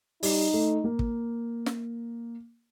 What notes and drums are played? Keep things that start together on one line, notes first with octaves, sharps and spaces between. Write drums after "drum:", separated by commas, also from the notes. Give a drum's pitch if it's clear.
G3 D#4, drum: open hi-hat
A3
A#3
drum: kick
drum: snare